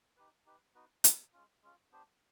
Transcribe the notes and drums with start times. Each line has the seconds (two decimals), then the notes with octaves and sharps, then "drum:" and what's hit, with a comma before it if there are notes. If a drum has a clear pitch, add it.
0.17 D#4 G4 B4
0.45 D#4 G4 B4
0.74 B3 D#4 F#4 B4
1.04 B3 D#4 F#4 B4, drum: hi-hat
1.33 G#3 C#4 F4
1.62 G#3 C#4 F4
1.91 B3 D4 G4 C5